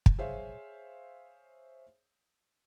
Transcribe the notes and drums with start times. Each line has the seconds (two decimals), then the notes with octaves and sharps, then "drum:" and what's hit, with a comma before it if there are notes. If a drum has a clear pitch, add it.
0.06 drum: kick
0.19 G#4 C5 C#5 E5 F5